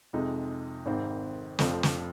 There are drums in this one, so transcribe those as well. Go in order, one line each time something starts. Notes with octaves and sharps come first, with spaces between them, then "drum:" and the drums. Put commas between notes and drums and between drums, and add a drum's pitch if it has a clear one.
F2 C3 G#3 D#4
G#1 G#2 D#3 C4
F1 F2 F3 C4, drum: snare
drum: snare